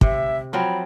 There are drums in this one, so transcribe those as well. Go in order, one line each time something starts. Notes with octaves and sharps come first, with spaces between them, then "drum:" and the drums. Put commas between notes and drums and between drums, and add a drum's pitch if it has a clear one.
C3 E5, drum: kick
F3 F#3 C4 B5